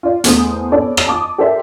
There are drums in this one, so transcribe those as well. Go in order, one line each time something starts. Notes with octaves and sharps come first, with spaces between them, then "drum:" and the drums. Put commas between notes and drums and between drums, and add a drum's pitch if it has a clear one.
F4 D5
E2 A3 A4 C5 D#6, drum: hi-hat
B3 C4 A4 C#5 D5
drum: rim click
A5 D6 D#6
G4 A4 A#4 C5 D5 E5